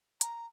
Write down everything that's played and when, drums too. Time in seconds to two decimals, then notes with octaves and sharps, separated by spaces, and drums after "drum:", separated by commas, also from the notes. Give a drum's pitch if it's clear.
0.21 A#5, drum: hi-hat